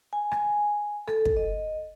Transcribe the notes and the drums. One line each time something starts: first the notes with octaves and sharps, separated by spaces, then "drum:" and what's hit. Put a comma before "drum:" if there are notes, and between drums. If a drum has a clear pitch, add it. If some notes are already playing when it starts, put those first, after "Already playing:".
G#5
drum: rim click
A4, drum: rim click
drum: kick
D#5